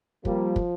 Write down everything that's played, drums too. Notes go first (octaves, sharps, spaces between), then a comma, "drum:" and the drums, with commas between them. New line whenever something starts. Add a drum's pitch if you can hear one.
F3 G3 A#3, drum: kick
drum: kick